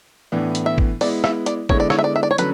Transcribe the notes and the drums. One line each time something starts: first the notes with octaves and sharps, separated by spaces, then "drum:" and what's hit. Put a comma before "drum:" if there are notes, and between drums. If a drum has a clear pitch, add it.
A2 E3 B3 D4
drum: hi-hat
E5
drum: kick
G#3 B3 E4 D5, drum: open hi-hat
E5, drum: rim click
D5, drum: hi-hat
D3 G#3 B3 E4 C#5, drum: kick
D5
C#5, drum: rim click
E5
D5
E5
D5
C#5
D3 F#3 C#4 B4, drum: hi-hat